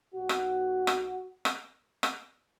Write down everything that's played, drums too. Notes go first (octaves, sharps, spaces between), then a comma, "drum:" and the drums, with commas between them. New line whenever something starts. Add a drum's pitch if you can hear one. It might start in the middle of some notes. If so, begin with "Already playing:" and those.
B1 B2 F#4
drum: rim click
drum: rim click
drum: rim click
drum: rim click